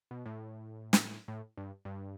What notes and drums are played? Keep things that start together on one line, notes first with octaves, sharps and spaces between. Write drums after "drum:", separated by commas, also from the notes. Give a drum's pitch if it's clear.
B2
A2
drum: snare
A2
G2
G2